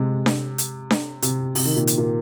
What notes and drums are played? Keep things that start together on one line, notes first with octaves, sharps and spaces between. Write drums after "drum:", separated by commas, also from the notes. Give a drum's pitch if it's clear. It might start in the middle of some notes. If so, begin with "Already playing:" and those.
Already playing: C3 G#3
drum: snare D4
drum: hi-hat
drum: snare D4
C3, drum: hi-hat
C3, drum: open hi-hat
D#3
A#2
drum: hi-hat
A#2